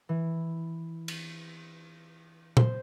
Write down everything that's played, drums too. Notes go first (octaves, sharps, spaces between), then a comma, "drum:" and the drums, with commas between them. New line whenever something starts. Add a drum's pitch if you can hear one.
E3
drum: cymbal
C5, drum: tom A#2